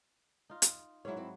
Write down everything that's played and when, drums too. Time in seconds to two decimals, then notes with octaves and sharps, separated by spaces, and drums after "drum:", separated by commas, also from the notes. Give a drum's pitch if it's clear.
0.50 D#4 F4
0.62 drum: hi-hat
1.05 G#2 F#3 E4 C#5
1.17 C4 E4